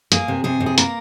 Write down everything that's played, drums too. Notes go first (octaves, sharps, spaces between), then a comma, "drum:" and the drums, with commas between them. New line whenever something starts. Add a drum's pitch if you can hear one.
A#3 G#4, drum: hi-hat
C3
C3 G#4
C3
G#4
A#3 A#4, drum: hi-hat